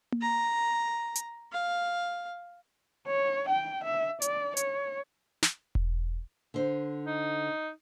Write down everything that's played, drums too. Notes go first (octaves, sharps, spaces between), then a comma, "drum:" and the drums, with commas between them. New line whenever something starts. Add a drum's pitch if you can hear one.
drum: tom A#3
A#5
drum: hi-hat
F5
C#5
G5
E5
D5, drum: hi-hat
C#5, drum: hi-hat
drum: snare
drum: kick E1
D3 C5
D#4